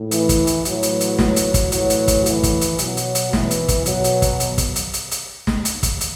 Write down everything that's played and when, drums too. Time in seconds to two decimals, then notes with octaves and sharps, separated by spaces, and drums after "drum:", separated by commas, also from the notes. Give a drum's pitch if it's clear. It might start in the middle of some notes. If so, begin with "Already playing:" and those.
Already playing: A2
0.11 E3, drum: hi-hat
0.29 drum: kick, hi-hat
0.47 drum: hi-hat
0.65 A2 E3 F#3, drum: hi-hat
0.83 drum: hi-hat
1.01 drum: hi-hat
1.19 F#3, drum: snare
1.36 drum: hi-hat
1.54 drum: kick, hi-hat
1.72 A2 E3 F#3, drum: hi-hat
1.90 drum: hi-hat
2.08 drum: kick, hi-hat
2.26 E3, drum: hi-hat
2.43 drum: kick, hi-hat
2.61 drum: hi-hat
2.79 B2 F#3, drum: hi-hat
2.97 drum: hi-hat
3.15 drum: hi-hat
3.33 E3, drum: snare
3.51 drum: hi-hat
3.68 drum: kick, hi-hat
3.86 B2 F#3, drum: hi-hat
4.04 drum: hi-hat
4.22 drum: kick, hi-hat
4.40 drum: hi-hat
4.58 drum: kick, hi-hat
4.76 drum: hi-hat
4.93 drum: hi-hat
5.11 drum: hi-hat
5.47 drum: snare
5.65 drum: hi-hat
5.83 drum: kick, hi-hat
6.01 drum: hi-hat